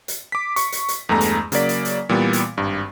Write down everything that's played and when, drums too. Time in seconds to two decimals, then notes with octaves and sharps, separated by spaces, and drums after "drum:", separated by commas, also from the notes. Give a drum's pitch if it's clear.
0.08 drum: hi-hat
0.32 D6 B6
0.56 C#6, drum: hi-hat
0.72 drum: hi-hat
0.88 drum: hi-hat
1.09 E2 G2 G#3 A3 A#5
1.21 drum: hi-hat
1.52 C#3 F#3 A#3 D5 B6, drum: hi-hat
1.69 drum: hi-hat
1.85 drum: hi-hat
2.09 A#2 E3 G3 B3
2.33 drum: hi-hat
2.57 G#1 G2